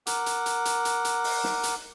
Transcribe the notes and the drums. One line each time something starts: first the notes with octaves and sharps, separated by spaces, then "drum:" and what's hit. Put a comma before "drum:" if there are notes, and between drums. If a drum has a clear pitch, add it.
A#4 F#5 D6, drum: hi-hat
drum: hi-hat
drum: hi-hat
drum: hi-hat
drum: hi-hat
drum: hi-hat
drum: open hi-hat
drum: snare
drum: hi-hat